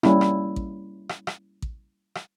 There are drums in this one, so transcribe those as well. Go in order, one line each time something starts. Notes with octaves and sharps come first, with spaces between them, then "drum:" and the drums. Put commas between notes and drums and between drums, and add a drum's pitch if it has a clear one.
G3 A#3 C#4 E4, drum: rim click
drum: rim click
drum: kick A1
drum: rim click
drum: rim click
drum: kick A1
drum: rim click